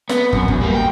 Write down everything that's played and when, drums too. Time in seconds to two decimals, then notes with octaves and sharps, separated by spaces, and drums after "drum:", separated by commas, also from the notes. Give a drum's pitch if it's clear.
0.09 B3, drum: snare
0.33 F#2, drum: kick
0.48 E2, drum: kick
0.61 G3 A#3
0.74 G5